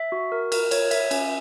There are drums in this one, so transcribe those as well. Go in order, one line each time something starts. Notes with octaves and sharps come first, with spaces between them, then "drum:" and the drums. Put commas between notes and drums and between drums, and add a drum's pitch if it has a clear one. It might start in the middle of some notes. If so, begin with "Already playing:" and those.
Already playing: E5
F#4
A#4
A#4, drum: cymbal
C#5, drum: cymbal
E5, drum: cymbal
C#4, drum: cymbal